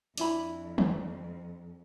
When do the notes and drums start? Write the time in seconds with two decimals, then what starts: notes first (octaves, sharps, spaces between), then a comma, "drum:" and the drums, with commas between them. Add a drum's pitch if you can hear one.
0.18 F2 D4 E4 B5, drum: hi-hat
0.78 drum: tom